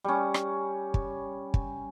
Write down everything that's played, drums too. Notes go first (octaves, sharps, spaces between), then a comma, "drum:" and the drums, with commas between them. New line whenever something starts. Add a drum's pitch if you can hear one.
G3 C#4
drum: rim click
drum: kick
drum: kick